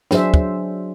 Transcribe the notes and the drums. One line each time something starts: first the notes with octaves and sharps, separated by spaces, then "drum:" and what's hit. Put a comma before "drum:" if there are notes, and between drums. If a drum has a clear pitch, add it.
F#3 D4 G#4 C5 E5, drum: snare
drum: kick